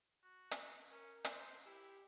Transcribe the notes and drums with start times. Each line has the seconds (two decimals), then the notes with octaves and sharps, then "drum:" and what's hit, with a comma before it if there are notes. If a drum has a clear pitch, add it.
0.23 F#4
0.51 drum: hi-hat
0.91 C#4 A#4
1.24 C5, drum: hi-hat
1.66 E4 G4